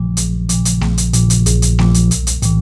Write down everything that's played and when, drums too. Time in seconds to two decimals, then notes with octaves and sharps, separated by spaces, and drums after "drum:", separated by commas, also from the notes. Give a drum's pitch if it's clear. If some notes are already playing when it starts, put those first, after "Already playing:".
Already playing: A#1 A#2 F3
0.17 A#1, drum: hi-hat
0.49 A#2 F3, drum: hi-hat
0.65 drum: hi-hat
0.81 A#1, drum: snare A3
0.98 drum: hi-hat
1.13 A#2 F3, drum: hi-hat
1.30 drum: hi-hat
1.46 A#1, drum: hi-hat
1.62 drum: hi-hat
1.79 A#2 F3, drum: snare A3
1.94 drum: hi-hat
2.11 B1, drum: hi-hat
2.27 drum: hi-hat
2.42 A2 E3, drum: hi-hat